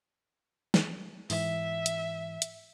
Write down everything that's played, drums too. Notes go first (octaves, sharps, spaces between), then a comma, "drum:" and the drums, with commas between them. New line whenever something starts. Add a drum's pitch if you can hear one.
drum: snare
G#2 E3 E5, drum: open hi-hat
drum: hi-hat
drum: hi-hat